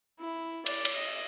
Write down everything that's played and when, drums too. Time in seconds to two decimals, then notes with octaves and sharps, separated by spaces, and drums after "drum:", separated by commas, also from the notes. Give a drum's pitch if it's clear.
0.20 E4
0.66 D5, drum: cymbal
0.85 drum: cymbal
0.95 D#5